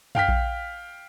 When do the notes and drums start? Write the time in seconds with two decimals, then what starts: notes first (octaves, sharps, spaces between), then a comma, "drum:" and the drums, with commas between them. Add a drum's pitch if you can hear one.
0.15 F5 G5 F6 B6, drum: tom
0.28 drum: kick A#1